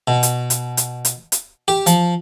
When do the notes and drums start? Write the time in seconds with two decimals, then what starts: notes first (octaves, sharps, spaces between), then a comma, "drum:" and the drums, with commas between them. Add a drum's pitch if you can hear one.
0.08 B2
0.23 drum: hi-hat
0.50 drum: hi-hat
0.77 drum: hi-hat
1.05 drum: hi-hat
1.32 drum: hi-hat
1.68 G4
1.86 F3, drum: hi-hat